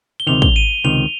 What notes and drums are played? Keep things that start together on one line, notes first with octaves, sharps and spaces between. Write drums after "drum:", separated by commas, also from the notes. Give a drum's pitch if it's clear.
G7
C#2 C3 D#3 F7
G7, drum: kick
D#7
C#2 C3 D#3 F7